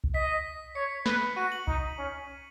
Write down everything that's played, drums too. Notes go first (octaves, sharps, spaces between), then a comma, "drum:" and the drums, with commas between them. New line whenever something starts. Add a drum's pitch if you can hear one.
drum: kick C2
D#5 B6
C#5 C#7
B4, drum: snare
F#4 D#7
F#7
D#4, drum: kick C2
C#4